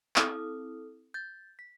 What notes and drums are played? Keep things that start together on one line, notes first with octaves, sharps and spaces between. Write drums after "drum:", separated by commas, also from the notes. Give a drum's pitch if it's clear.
C4 E4 A4 D#6 F6, drum: clap
G6 A6
B6